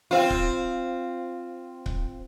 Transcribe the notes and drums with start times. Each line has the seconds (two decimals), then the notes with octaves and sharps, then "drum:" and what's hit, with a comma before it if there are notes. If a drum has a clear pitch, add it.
0.11 C4 F4
0.30 drum: kick C#1
1.86 drum: kick C#1